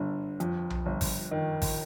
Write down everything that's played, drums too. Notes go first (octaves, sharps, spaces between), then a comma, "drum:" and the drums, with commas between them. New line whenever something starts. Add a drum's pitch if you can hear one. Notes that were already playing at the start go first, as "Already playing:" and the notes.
Already playing: G1 D3
F2, drum: hi-hat
drum: tom B1
G1
drum: kick, open hi-hat
D#3
drum: kick, open hi-hat